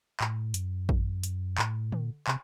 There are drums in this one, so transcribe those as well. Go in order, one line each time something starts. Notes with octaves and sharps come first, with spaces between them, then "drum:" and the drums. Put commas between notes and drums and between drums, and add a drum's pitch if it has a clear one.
A2, drum: clap
F#2, drum: hi-hat
drum: kick
drum: hi-hat
A2, drum: clap
A#2, drum: tom D3
C3, drum: clap